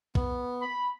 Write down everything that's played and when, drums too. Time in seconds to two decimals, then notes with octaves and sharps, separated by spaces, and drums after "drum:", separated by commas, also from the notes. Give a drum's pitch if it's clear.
0.15 B3, drum: kick A#1
0.62 B5